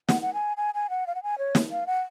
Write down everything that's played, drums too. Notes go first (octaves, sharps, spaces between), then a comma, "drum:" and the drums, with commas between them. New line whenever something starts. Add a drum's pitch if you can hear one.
F#5, drum: snare
F#5
G#5
G#5
G#5
F#5
F5
F#5
G#5
C#5
drum: snare
F5
F#5